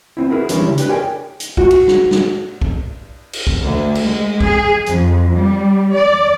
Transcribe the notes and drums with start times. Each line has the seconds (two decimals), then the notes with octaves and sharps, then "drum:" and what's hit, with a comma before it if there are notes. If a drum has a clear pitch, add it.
0.17 B3 C4 E4
0.30 E4 F#4 G#4 A#4 B4
0.49 E3 G3 G#3 C#4 D4 E4, drum: hi-hat
0.65 C#3 E4
0.78 D4 G4 B4, drum: hi-hat
0.89 G#4 A#4 C#5 D5 G5 G#5
1.40 drum: hi-hat
1.57 F#4, drum: kick B1
1.71 drum: cymbal
1.88 drum: snare
2.11 drum: snare
2.62 drum: kick B1
3.33 drum: cymbal
3.47 drum: kick B1
3.63 D2
3.95 drum: cymbal
4.06 G#3
4.41 G#4, drum: kick B1
4.86 F2, drum: hi-hat
5.37 G3
5.94 D5